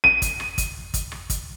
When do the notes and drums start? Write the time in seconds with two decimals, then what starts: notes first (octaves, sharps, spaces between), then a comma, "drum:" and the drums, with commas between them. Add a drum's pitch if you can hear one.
0.04 D#7
0.22 drum: kick, hi-hat
0.40 drum: rim click
0.58 drum: kick, hi-hat
0.94 drum: kick, hi-hat
1.12 drum: rim click
1.30 drum: kick, hi-hat